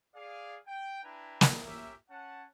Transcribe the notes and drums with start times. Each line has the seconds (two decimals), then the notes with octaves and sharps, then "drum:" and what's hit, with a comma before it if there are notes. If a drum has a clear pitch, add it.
0.15 G#4 D5 F5
0.66 G5
1.03 D4 E4 B4 G5 G#5 A#5
1.41 drum: snare
1.63 C#4 G4 A#4 E5
2.11 C#4 F#5 A5